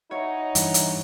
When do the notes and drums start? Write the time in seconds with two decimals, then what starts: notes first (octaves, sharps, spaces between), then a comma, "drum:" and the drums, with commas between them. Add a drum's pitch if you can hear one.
0.11 D#4 E4 F#4 C#5
0.55 G2 E3, drum: hi-hat
0.74 drum: hi-hat